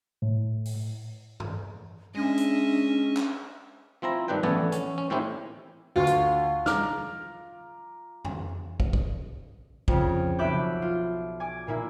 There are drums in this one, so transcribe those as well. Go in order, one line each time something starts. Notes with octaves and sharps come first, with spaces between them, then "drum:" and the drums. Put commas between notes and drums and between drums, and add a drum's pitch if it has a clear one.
A2
drum: open hi-hat
drum: tom G2
G#3 C#4 D4 D#5 E5
drum: hi-hat
drum: clap
F3 C4 E4 A#5
G2 D#3 D4 B4 G5
A1 A3 B3 A4 D5 G#5, drum: tom E3
C#4, drum: hi-hat
C#4
A2 D#3 C4 C#4 E4 G4
D2 F4 C#6
drum: hi-hat
A#5 D6 F6, drum: snare
drum: tom F2
drum: kick
drum: kick
F2 C#3, drum: kick
B1 E5 B5 D6 F#6 G6
F4
G#5 D6
A#2 A#3 E4